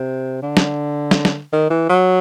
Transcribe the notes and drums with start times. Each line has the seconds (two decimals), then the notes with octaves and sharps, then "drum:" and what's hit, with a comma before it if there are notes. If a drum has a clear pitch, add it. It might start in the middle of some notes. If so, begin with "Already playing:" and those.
Already playing: C3
0.42 D3
0.57 drum: snare
1.11 drum: snare
1.25 drum: snare
1.53 D#3
1.70 E3
1.89 F#3